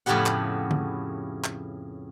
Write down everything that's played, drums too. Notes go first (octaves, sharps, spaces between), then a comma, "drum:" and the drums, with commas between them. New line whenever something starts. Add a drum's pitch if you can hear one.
F2 A2 C#3 B3 G4 F#5
drum: clap
drum: tom D3
drum: clap